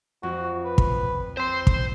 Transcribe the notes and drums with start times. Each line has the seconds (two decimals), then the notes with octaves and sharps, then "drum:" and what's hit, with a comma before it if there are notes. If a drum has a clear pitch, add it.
0.23 F2 F#4
0.65 B4
0.78 drum: kick
1.37 C4 C5 C6
1.67 drum: kick